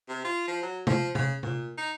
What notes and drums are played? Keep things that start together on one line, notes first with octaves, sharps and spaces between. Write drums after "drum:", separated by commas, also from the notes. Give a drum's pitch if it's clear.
C3
F4
F3
F#3
F3, drum: tom
C#3, drum: tom C3
A#2, drum: tom C3
D#4